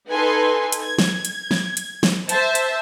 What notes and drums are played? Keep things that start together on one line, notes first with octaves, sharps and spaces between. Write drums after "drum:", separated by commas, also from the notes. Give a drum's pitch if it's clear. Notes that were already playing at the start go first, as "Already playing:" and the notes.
D#4 A4 B4 G#5 C6
drum: hi-hat
G#6
drum: snare
drum: hi-hat
drum: snare
drum: hi-hat
drum: snare
C5 E5 A5, drum: hi-hat
drum: hi-hat